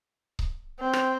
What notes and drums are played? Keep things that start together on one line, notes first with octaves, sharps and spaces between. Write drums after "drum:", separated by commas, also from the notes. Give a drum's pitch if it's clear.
drum: kick C#1
C4
drum: rim click